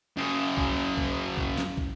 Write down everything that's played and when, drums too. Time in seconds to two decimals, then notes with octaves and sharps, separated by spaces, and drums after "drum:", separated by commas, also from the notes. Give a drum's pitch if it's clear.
0.17 F#2 C#3
0.57 drum: kick
0.97 drum: kick
1.37 drum: kick
1.57 drum: snare
1.77 drum: kick